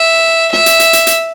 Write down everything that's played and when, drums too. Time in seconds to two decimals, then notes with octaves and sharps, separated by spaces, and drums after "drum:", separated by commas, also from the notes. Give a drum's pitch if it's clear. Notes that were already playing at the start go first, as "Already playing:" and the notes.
Already playing: E5
0.53 E5, drum: snare
0.66 drum: hi-hat
0.80 drum: hi-hat
0.93 drum: hi-hat
1.07 drum: hi-hat